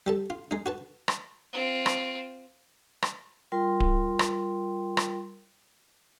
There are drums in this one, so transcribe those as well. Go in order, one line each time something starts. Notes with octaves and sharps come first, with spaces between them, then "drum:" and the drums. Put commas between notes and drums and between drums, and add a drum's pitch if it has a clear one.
G3 A4 A5
F4
G#3 D#4
F#4 B4 A5
drum: rim click
C4 F4
drum: rim click
drum: rim click
G3 F4 A#4 G5 C6
drum: kick D1
drum: rim click
drum: rim click